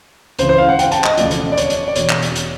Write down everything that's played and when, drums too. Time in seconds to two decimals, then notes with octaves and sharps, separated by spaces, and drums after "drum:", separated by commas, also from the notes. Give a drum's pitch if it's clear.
0.39 C#2 C#3 E3 C5, drum: hi-hat
0.49 C5
0.58 F5
0.69 F#5
0.79 G5, drum: hi-hat
0.92 A5, drum: hi-hat
1.04 D#5, drum: clap
1.18 E1 D2 C#3 F3 D5, drum: hi-hat
1.31 drum: hi-hat
1.52 D5
1.57 C#5, drum: hi-hat
1.70 drum: hi-hat
1.88 D5
1.96 E1 E2 B2 C#5, drum: hi-hat
2.09 drum: clap
2.22 drum: hi-hat
2.35 drum: hi-hat